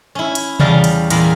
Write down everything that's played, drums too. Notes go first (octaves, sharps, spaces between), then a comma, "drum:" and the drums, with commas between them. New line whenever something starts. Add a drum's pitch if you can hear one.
C#4 E4
drum: hi-hat
E2 G3 C#4 F5 A5 A#5, drum: tom C3
drum: hi-hat
E2 A#2 A#4 F5 B5, drum: hi-hat